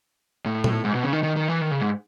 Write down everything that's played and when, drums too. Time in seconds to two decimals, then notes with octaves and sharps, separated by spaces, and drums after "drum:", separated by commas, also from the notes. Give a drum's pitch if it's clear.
0.46 A2
0.64 drum: tom A#2
0.84 G#2
0.95 B2
1.03 C#3
1.13 D#3
1.23 D#3
1.36 D#3
1.48 E3
1.61 D#3
1.71 C#3
1.81 G#2